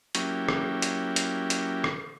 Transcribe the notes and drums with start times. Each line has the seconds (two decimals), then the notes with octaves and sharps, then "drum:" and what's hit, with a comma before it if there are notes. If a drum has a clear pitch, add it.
0.15 F#3 A#3 C#4 E4 G4, drum: hi-hat
0.49 drum: rim click
0.82 drum: hi-hat
1.16 drum: hi-hat
1.50 drum: hi-hat
1.84 drum: rim click